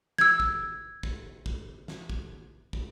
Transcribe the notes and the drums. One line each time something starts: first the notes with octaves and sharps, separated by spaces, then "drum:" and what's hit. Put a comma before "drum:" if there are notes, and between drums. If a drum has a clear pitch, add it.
E6 G#6, drum: snare
drum: kick
drum: kick
drum: kick
drum: snare
drum: kick
drum: kick